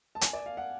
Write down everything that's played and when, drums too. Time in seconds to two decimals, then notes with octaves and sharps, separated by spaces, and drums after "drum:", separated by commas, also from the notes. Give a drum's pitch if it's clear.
0.15 A5
0.21 G#5, drum: hi-hat
0.33 D5
0.46 F5
0.57 F#5